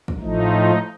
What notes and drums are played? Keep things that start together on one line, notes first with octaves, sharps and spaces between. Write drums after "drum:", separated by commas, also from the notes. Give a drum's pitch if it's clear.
drum: kick
A2 F3 A3 D#4